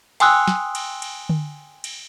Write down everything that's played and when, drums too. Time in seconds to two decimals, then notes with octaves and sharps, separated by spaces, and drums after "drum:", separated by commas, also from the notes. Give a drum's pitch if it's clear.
0.20 G5 G#5 C6 D#6 E6 F#6, drum: cymbal
0.48 drum: snare
0.75 drum: cymbal
1.02 drum: cymbal
1.29 drum: tom D3
1.84 drum: cymbal